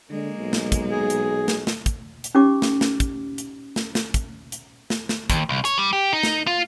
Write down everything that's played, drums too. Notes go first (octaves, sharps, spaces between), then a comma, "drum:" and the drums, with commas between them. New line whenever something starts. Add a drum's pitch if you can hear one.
D3 G#3 A#3
B1
drum: snare
drum: kick, hi-hat
G#4
drum: hi-hat
drum: snare
drum: snare
drum: kick, hi-hat
drum: hi-hat
C#4 D#4 G4 D6
drum: snare
drum: snare
drum: kick, hi-hat
drum: hi-hat
drum: snare
drum: snare
drum: kick, hi-hat
drum: hi-hat
drum: snare
drum: snare
D#2, drum: kick, hi-hat
C2
C#5, drum: hi-hat
G3
G4
D#4
drum: snare
F4